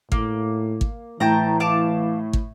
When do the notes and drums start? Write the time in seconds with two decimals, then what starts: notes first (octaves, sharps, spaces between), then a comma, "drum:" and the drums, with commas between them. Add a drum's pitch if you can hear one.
0.12 A2 A#3, drum: kick
0.81 drum: kick
1.20 A2 E3 G5 A5 A#5
1.60 F5 A5 D6
2.33 drum: kick